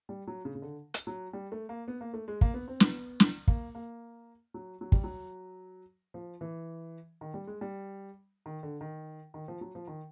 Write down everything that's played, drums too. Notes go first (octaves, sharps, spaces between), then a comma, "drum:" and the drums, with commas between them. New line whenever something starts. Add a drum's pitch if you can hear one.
G3
F#3
C#3
C#3
D3
drum: hi-hat
F#3
G3
A3
A#3
B3
A#3
A3
G#3
A#3, drum: kick
B3
C4
B3, drum: snare
drum: snare
A#3, drum: kick
A#3
F#3
F#3
G3, drum: kick
F#3
F3
E3
D#3
G3
G#3
G3
D#3
D3
D#3
D#3
F3
F#3
F3
D#3